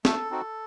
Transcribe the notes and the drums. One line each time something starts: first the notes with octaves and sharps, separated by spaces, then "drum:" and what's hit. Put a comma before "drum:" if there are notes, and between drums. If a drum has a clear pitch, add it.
A3 A4, drum: snare
C4 D#4 F#4